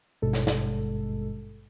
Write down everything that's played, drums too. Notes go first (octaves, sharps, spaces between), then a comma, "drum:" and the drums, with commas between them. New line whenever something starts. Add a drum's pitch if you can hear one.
G#1 G2 B2 G#3 A4
drum: snare
drum: snare